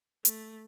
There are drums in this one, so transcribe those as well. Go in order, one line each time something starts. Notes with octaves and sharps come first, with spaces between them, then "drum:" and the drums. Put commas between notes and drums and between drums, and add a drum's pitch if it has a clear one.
A3, drum: hi-hat